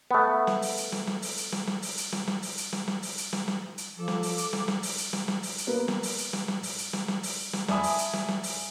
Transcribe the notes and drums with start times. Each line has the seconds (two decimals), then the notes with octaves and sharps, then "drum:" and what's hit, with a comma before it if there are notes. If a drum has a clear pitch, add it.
0.11 A3 B3
0.47 drum: snare
0.62 drum: open hi-hat
0.77 drum: hi-hat
0.92 drum: snare
1.07 drum: snare
1.22 drum: open hi-hat
1.37 drum: hi-hat
1.52 drum: snare
1.67 drum: snare
1.82 drum: open hi-hat
1.97 drum: hi-hat
2.12 drum: snare
2.27 drum: snare
2.42 drum: open hi-hat
2.58 drum: hi-hat
2.73 drum: snare
2.88 drum: snare
3.03 drum: open hi-hat
3.18 drum: hi-hat
3.33 drum: snare
3.48 drum: snare
3.78 drum: hi-hat
3.97 F3 A4 D6
4.08 drum: snare
4.23 drum: open hi-hat
4.38 drum: hi-hat
4.53 drum: snare
4.68 drum: snare
4.83 drum: open hi-hat
4.98 drum: hi-hat
5.13 drum: snare
5.28 drum: snare
5.43 drum: open hi-hat
5.58 drum: hi-hat
5.67 A#3 B3
5.88 drum: snare
6.03 drum: open hi-hat
6.18 drum: hi-hat
6.33 drum: snare
6.48 drum: snare
6.63 drum: open hi-hat
6.78 drum: hi-hat
6.93 drum: snare
7.08 drum: snare
7.23 drum: open hi-hat
7.53 drum: snare
7.68 D5 E5 G#5 A5 B5 D#6, drum: snare
7.83 drum: open hi-hat
7.98 drum: hi-hat
8.13 drum: snare
8.28 drum: snare
8.43 drum: open hi-hat